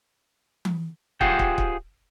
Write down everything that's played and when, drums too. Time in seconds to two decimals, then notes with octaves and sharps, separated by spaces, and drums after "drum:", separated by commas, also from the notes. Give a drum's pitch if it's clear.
0.65 drum: tom E3
1.21 F4 G4 G#4 C5 F#5 G5, drum: kick
1.39 drum: kick
1.58 drum: kick